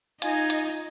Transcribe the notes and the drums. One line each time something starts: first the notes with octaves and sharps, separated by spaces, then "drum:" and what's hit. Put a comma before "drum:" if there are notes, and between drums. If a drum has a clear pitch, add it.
D#4 F4 D#5 G#5, drum: hi-hat
drum: hi-hat